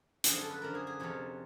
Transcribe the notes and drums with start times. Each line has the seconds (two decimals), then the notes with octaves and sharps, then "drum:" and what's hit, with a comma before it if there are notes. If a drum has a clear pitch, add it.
0.24 F#2 D3 F3 G#4, drum: hi-hat
0.38 A4
0.50 B4
0.61 F#2 D3 F3 A#4
0.75 G#4
0.87 G#4
1.00 F2 C3 F3 C#5